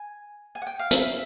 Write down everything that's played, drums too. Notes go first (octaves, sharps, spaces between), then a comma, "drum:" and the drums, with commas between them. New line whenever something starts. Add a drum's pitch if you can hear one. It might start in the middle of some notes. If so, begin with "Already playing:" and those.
Already playing: G#5
G#5
F#5
G5
F5
E5, drum: hi-hat